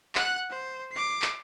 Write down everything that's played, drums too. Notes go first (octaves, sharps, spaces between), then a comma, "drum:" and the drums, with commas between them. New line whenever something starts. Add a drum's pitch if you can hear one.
F#5 F#6, drum: clap
C5
D6 C7
drum: clap